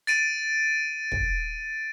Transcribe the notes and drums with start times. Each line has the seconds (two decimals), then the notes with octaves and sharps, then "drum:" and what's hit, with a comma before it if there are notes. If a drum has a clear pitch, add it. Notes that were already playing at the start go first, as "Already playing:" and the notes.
0.07 A6 D7 D#7, drum: hi-hat
1.12 drum: kick